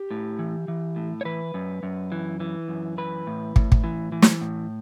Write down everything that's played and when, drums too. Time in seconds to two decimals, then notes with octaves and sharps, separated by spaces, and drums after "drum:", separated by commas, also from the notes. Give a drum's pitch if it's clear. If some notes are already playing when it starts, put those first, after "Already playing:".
Already playing: G4
0.11 A2
0.39 E3
0.68 E3
0.96 A2
1.21 C#5
1.25 E3 B4
1.54 F#2
1.83 F#2
2.12 E3
2.40 E3
2.68 F#2
2.98 E3 B4
3.27 A2
3.56 A2, drum: kick
3.72 drum: kick
3.84 E3
4.12 E3
4.22 drum: snare
4.41 A2